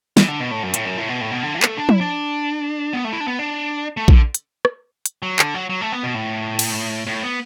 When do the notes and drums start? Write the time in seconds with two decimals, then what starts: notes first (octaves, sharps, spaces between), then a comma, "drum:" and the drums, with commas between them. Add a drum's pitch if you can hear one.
0.17 E3, drum: snare
0.28 D3
0.40 B2
0.51 A2
0.63 F#2
0.74 A2, drum: hi-hat
0.85 F#2
0.98 A2
1.09 B2
1.21 A2
1.31 B2
1.43 D3
1.55 E3
1.62 B3, drum: clap
1.66 A3
1.77 D4
1.89 E4, drum: tom F3
2.01 D4
2.93 B3
3.04 A3
3.13 E4
3.20 D4
3.27 B3
3.39 D4
3.97 A3
4.08 D3, drum: kick A#1
4.34 drum: hi-hat
4.65 drum: rim click
5.06 drum: hi-hat
5.22 F#3
5.39 D3, drum: clap
5.54 F#3
5.70 F#3
5.81 A3
5.92 B3
6.03 B2
6.14 A2
6.59 drum: cymbal
7.07 A2
7.23 B3